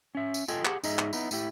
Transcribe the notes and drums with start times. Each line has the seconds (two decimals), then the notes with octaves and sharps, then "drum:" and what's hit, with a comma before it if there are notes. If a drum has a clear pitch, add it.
0.15 C#4 E5
0.34 drum: tambourine
0.48 F4 A4 D#5 G5 G#5, drum: tambourine
0.65 G4 G#4 F#5, drum: clap
0.84 G#2 D#4 G#4 D#5 E5, drum: tambourine
0.99 drum: clap
1.13 B3 D#4 E4, drum: tambourine
1.31 A2 A3 E4 G4, drum: tambourine